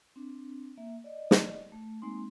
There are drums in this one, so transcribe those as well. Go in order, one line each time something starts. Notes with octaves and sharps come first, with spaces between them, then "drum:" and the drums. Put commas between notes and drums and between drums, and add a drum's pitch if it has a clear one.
C4 D4
A#3 E5
D5 D#5
drum: snare
A3
G#3 A#3 C4 D#4 C6